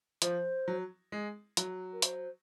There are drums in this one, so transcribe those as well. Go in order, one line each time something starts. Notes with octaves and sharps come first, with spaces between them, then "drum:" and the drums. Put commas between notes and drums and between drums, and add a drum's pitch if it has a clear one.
F3 C5, drum: hi-hat
F#3
G#3
F#3, drum: hi-hat
A#4
C5, drum: hi-hat